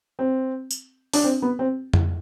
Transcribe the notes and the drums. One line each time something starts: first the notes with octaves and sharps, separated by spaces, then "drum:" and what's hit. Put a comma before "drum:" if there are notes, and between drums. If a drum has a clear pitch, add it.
C4
drum: tambourine
D4, drum: open hi-hat
C4
B3
C4
drum: tom F2